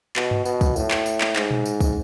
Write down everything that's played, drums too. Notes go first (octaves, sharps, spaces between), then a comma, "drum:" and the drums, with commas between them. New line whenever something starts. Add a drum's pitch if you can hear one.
B2, drum: clap
drum: tom G2
B2, drum: tambourine
drum: kick, tambourine
A2, drum: tambourine
drum: clap
drum: tambourine
drum: clap
G#2, drum: clap
drum: tom A#2
drum: tambourine
drum: kick, tambourine